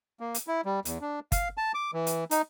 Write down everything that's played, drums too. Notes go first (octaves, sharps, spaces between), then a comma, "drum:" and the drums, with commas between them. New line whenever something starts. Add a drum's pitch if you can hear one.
A#3
drum: hi-hat
E4
G3
E2, drum: hi-hat
D4
F5, drum: kick G1, hi-hat
A5
D6
E3
drum: hi-hat
D#4, drum: hi-hat